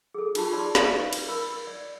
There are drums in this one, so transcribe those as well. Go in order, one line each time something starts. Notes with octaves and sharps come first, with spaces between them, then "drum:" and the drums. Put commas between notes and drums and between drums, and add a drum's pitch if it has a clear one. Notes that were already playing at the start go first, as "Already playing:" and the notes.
G#4 A4
D#4 F4 G4 A5 B5, drum: cymbal
G#4 C5 D5 A5 C6
D#4 G4 B4 D5 E5 F5, drum: snare
drum: cymbal
A#4 B5
D5